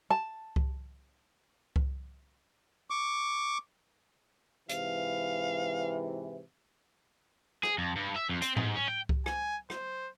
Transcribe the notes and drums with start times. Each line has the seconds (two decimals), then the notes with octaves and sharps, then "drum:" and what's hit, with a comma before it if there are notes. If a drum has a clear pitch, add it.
0.10 A5
0.56 drum: kick C2
1.76 drum: kick C2
2.90 C#6 D6
4.69 G#2 C3 E3 F5, drum: hi-hat
7.63 G#4, drum: rim click
7.78 F2
7.96 G2
8.16 E5
8.29 F2
8.42 C4, drum: hi-hat
8.57 G#2, drum: tom A2
8.76 C#4
8.88 G5
9.09 drum: kick C2
9.26 G#5, drum: rim click
9.70 C5, drum: rim click